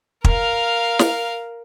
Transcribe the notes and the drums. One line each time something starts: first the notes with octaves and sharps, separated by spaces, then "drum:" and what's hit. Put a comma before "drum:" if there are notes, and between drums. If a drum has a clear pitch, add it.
A#4 F5, drum: kick
drum: snare